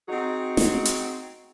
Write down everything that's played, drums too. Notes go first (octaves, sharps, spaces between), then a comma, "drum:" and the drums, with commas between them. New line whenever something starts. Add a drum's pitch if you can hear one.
C4 D#4 F#4 G#4
drum: snare
drum: hi-hat